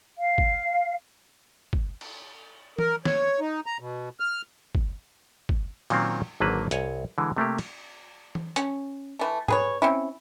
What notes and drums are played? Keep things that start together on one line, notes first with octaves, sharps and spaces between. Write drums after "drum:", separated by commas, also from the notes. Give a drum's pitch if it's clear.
F5
drum: kick
drum: kick
drum: cymbal
A#4, drum: tom
C#5, drum: snare
D#4
A#5
B2
F6
drum: kick
drum: kick
A#2 D#3 F#3 A#3 C4 C#4, drum: cymbal
G#1 D3 F#3 A#3 B4 A5
C2 C#5 G#5, drum: hi-hat
D3 E3 G#3
C3 A3 A#3 G4
drum: cymbal
drum: tom
C#4, drum: hi-hat
E3 A3
G#4 B4 C#5, drum: tom
C4 C#4 E4